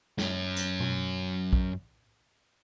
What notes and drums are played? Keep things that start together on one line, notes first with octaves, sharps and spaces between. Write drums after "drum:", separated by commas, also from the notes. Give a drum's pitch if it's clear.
F#2 C#4, drum: snare
drum: hi-hat
drum: tom B2
drum: kick